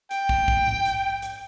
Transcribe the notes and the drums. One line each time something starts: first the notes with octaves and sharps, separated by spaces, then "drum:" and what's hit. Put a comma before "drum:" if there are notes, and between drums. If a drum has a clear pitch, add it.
G5, drum: hi-hat
drum: kick
drum: kick
drum: tom G#2
drum: hi-hat
drum: hi-hat